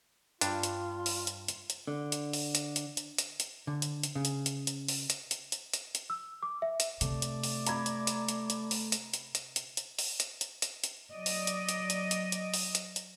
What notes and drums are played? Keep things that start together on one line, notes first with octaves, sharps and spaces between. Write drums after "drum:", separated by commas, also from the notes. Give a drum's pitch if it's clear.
G2 D4 F4, drum: hi-hat
drum: hi-hat
drum: open hi-hat
drum: hi-hat
drum: hi-hat
drum: hi-hat
D3
drum: hi-hat
drum: open hi-hat
drum: hi-hat
drum: hi-hat
drum: hi-hat
drum: hi-hat
drum: hi-hat
D3
drum: hi-hat
drum: hi-hat
C#3
drum: hi-hat
drum: hi-hat
drum: hi-hat
drum: open hi-hat
drum: hi-hat
drum: hi-hat
drum: hi-hat
drum: hi-hat
drum: hi-hat
E6
D6
E5
drum: hi-hat
C3 A3 D5, drum: hi-hat
drum: hi-hat
drum: open hi-hat
A#5 B5 G#6, drum: hi-hat
drum: hi-hat
drum: hi-hat
drum: hi-hat
drum: hi-hat
drum: open hi-hat
drum: hi-hat
drum: hi-hat
drum: hi-hat
drum: hi-hat
drum: hi-hat
drum: open hi-hat
drum: hi-hat
drum: hi-hat
drum: hi-hat
drum: hi-hat
F#3 D5 D#5
drum: open hi-hat
drum: hi-hat
drum: hi-hat
drum: hi-hat
drum: hi-hat
drum: hi-hat
drum: open hi-hat
drum: hi-hat
drum: hi-hat